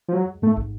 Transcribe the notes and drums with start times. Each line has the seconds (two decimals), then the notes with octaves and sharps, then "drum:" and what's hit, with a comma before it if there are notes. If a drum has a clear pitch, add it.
0.08 F3
0.13 F#3 G#3
0.42 G#2 A3
0.57 drum: kick